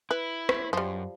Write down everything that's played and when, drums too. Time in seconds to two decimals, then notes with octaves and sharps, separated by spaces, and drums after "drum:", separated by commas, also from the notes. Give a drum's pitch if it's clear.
0.11 E4 B4
0.49 drum: rim click
0.73 F#2 F3 G3